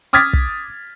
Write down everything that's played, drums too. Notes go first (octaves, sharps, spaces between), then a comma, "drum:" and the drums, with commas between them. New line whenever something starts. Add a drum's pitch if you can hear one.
D6 D#6 F6 G#6 A6 B6
drum: kick